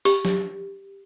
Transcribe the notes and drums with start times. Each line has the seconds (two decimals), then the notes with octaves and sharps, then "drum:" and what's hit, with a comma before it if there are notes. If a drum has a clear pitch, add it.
0.05 G4, drum: open hi-hat
0.25 drum: snare